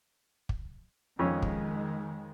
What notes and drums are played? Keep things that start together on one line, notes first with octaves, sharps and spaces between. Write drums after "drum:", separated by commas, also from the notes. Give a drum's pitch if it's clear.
drum: kick
F2 D#3 G#3 C#4
drum: kick